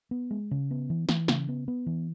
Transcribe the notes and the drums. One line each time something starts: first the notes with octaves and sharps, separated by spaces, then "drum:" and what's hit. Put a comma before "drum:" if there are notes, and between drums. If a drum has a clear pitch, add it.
B3
G#3
C#3
B3
E3
E3, drum: snare
C#3, drum: snare
B3
B3
E3